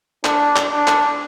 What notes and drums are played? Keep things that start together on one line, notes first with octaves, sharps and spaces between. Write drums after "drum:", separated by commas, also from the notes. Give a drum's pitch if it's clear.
D4, drum: clap
drum: clap
D4
drum: clap